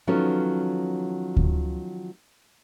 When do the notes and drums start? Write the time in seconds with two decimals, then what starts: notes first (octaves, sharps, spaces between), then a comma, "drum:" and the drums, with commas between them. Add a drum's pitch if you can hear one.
0.07 D#3 F3 F#3 B3 C#4 A4
1.37 drum: kick D2